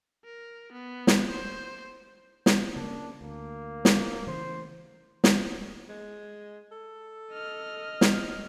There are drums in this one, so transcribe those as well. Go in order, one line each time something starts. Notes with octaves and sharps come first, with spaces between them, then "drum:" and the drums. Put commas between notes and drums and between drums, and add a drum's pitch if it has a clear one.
A#4
B3
drum: snare
C5
drum: snare
C#3 A#3 D4
D2 A#3
drum: snare
C#3 E3 A3 C5
drum: snare
G#3
A4
D#5 F6
drum: snare